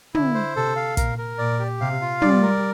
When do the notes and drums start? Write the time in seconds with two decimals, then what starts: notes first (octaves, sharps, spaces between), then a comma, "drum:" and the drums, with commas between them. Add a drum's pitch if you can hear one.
0.15 D3 E4, drum: tom
0.35 C5
0.56 C3 A4
0.76 F5
0.97 A#2 A#4, drum: kick, hi-hat
1.18 A#4
1.38 A#2 D5
1.59 G4
1.80 C3 F5
2.01 F4
2.22 G3 D5, drum: tom
2.43 A#4